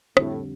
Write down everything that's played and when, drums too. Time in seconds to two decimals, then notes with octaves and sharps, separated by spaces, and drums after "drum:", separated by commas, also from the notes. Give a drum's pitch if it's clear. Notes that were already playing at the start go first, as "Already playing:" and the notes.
0.17 F2 A2 D3 G3, drum: rim click